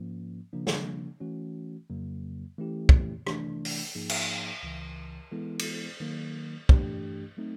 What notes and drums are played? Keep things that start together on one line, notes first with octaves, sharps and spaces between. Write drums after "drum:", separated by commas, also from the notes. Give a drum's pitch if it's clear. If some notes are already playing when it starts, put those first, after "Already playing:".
Already playing: G#2 F3 A#3 C#4
C#3 F3 A#3 D4
drum: snare
E3 A3 C#4 F#4
F2 C#3 F#3 A#3
E3 A3 C#4 E4 G4
drum: kick
C3 E3 A3 D4, drum: rim click
drum: open hi-hat
G#2 F3 A#3 D#4 G#4
drum: cymbal
C#2 C#3 E3
E3 G#3 B3 E4 A4
drum: cymbal
D#3 F#3 A#3
G2 E3 A3 D4 G4, drum: kick
F#3 A3 C4 D#4